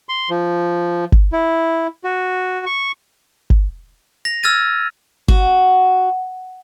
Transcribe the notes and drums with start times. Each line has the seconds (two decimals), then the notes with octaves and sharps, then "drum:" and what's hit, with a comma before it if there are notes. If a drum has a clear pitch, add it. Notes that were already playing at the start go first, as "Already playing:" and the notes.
0.09 C6
0.30 F3
1.12 drum: kick G1
1.33 E4
2.04 F#4
2.66 C#6
3.50 drum: kick G1
4.25 A#6 F7
4.43 E6 F6 G#6 A6 D#7
5.28 F#4, drum: kick G1